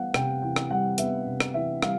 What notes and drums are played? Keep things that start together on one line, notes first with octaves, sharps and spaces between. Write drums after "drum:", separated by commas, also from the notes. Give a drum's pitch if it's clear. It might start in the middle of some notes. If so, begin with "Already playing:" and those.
Already playing: E3 G3 B3 F5 F#5
C3 G5, drum: rim click
E3 G5
drum: rim click
G3 F#5
B3 E5, drum: hi-hat
C3
drum: rim click
E3 E5
G3 F5, drum: rim click